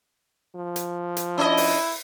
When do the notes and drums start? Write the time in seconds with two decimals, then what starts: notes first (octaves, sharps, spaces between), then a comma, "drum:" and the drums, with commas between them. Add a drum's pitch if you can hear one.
0.55 F3
0.76 drum: hi-hat
1.17 drum: hi-hat
1.38 C#4 E4 D#5
1.57 drum: open hi-hat